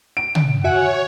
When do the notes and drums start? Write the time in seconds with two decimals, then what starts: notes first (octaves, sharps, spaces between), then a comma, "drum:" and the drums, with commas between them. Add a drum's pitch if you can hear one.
0.17 D7
0.35 drum: tom
0.64 F#4 C#5 E5 F#5 G#5